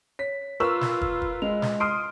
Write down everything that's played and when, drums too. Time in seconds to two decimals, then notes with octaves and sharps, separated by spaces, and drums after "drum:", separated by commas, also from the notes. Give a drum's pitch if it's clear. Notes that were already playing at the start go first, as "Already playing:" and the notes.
0.19 C#5 B6
0.60 F4 A#4 B4 C#6 E6
0.81 drum: snare
1.01 drum: kick
1.22 drum: kick
1.42 G#3 F7
1.62 drum: snare
1.80 C6 D#6 F6 C7 D7